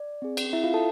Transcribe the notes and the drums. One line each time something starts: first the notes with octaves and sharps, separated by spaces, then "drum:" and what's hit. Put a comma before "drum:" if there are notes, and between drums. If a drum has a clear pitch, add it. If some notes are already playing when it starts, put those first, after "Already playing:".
Already playing: D5
C4 G#4
drum: cymbal
E4 E5
F4 F5
A4 A5